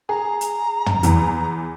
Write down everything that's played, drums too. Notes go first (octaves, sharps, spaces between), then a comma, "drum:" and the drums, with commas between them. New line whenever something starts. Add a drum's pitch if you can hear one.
G#4 A#5
drum: hi-hat
drum: tom
E2 E3, drum: hi-hat